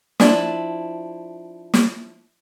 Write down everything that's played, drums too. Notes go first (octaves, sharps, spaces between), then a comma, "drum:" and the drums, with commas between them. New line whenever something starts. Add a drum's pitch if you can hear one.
F3 D4 E4, drum: snare
drum: snare